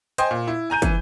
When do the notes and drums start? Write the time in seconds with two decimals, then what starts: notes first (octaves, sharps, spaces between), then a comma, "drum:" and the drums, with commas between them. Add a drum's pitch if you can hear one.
0.18 C5 D#5 G5 G#5 C6, drum: hi-hat
0.31 A#2
0.47 E4
0.70 G#5 A#5 G6 D#7
0.82 E3, drum: kick, hi-hat